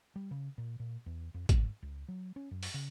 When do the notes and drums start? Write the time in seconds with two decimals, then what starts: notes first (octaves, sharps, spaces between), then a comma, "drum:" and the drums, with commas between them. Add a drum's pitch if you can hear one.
0.16 G3
0.31 C#3
0.58 A#2
0.80 A#2
1.06 E2
1.34 F2
1.49 G#2, drum: kick, hi-hat
1.83 C#2
2.08 F#3
2.36 C#4
2.51 F#2
2.63 drum: open hi-hat
2.74 C#3